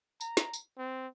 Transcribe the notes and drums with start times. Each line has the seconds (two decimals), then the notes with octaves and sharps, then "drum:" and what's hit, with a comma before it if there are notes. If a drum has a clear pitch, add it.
0.21 A#5, drum: tambourine
0.37 drum: snare
0.53 drum: tambourine
0.77 C4